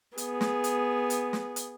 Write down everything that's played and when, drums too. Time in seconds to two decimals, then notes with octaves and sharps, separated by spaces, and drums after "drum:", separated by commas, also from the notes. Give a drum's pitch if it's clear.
0.18 B3 G#4, drum: hi-hat
0.41 drum: snare
0.64 drum: hi-hat
1.10 drum: hi-hat
1.33 drum: snare
1.56 drum: hi-hat